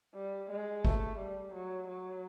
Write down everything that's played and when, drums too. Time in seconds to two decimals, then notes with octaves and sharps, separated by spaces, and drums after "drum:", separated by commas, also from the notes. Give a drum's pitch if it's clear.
0.15 G3
0.50 G#3
0.85 A3, drum: kick G1
1.19 G3
1.54 F#3
1.87 F#3